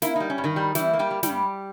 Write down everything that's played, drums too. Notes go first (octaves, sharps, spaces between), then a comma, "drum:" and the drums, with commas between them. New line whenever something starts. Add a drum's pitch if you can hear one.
A#3 E4, drum: snare
G3 D#4
C#4
G2
D#3 D#4
G3
E3 G3 E4, drum: snare
A#3
G3 G4
G3
G3 G4, drum: snare
G2